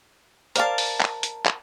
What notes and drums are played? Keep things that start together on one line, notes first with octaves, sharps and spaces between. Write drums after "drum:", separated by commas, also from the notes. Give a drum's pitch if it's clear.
A#4 C5 D5 F5 A5, drum: hi-hat
drum: open hi-hat
drum: clap
drum: hi-hat
drum: clap